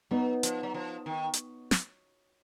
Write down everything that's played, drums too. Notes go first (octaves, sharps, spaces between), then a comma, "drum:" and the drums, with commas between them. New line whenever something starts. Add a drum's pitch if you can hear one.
F#3 B3 D#4
F3, drum: hi-hat
F#3
F3
D#3
drum: hi-hat
drum: snare